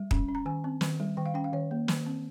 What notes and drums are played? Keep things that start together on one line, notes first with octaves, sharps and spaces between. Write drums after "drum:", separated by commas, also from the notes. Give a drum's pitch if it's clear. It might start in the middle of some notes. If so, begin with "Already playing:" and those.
Already playing: G3
C#4, drum: kick
C#4
A#5
D#3 G#5
C4
D#3, drum: snare
G3
D#3 G5
F5
C#4 G5
F5
D#3 C#5
A#3
D#3, drum: snare
C4